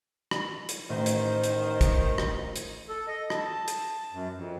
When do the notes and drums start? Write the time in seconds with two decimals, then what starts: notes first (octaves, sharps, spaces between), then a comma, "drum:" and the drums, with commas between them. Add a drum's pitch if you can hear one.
0.31 drum: rim click
0.69 drum: hi-hat
0.90 A1 D#3 C5
1.06 drum: hi-hat
1.44 drum: hi-hat
1.81 drum: kick, hi-hat
2.18 drum: rim click
2.56 drum: hi-hat
2.89 A4
3.08 D#5
3.30 A5, drum: rim click
3.68 drum: hi-hat
4.13 F#2
4.37 F2